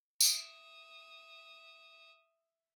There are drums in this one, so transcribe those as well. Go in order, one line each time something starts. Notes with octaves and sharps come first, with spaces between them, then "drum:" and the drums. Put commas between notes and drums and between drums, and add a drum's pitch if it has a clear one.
E5 D#6, drum: tambourine